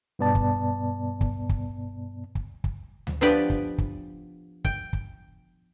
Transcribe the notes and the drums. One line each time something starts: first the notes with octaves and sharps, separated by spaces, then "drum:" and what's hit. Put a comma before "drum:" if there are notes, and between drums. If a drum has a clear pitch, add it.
G2 B2 B3 D5 A5
drum: kick
drum: kick
drum: kick
drum: kick
drum: kick
drum: tom D2
F3 B3 D4 G4 B4 D5
drum: kick
drum: kick
G5, drum: kick
drum: kick